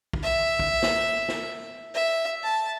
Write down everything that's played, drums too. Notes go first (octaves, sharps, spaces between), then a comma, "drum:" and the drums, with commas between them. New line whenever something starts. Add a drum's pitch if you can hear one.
drum: kick
E5
drum: kick
drum: snare
drum: snare
E5
A5